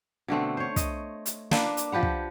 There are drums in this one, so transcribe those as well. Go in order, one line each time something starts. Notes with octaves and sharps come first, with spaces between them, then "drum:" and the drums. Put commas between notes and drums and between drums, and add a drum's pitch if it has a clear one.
B2 D3 A3 C4
C5 C#5
D#5, drum: kick, hi-hat
drum: hi-hat
A#3 D4 B4, drum: snare
drum: hi-hat
F3 G4 B4 F#5
drum: kick